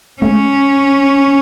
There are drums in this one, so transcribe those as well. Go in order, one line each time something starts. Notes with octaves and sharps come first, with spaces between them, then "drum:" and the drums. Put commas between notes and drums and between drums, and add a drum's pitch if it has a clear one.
C#4, drum: tom G#3